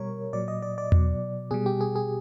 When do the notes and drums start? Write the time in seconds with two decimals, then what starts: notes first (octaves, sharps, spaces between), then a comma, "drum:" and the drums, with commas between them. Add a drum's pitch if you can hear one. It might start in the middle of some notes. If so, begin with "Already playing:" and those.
Already playing: B2 G3 A#4 C#5
0.33 A#2 F#3 D5
0.48 D#5
0.62 D5
0.78 D5
0.92 B2 F#3, drum: tom E2
1.51 B2 G3 G#4
1.66 G4
1.81 G#4
1.96 G#4